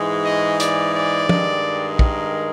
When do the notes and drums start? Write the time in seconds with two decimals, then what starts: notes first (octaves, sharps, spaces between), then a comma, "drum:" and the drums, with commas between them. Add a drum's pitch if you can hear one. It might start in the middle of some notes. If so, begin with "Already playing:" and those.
Already playing: G#2 E3 G#3
0.25 D#5
0.60 D5, drum: hi-hat
0.95 D5
1.29 G2 D#3 G#3, drum: tom
1.99 A#4, drum: kick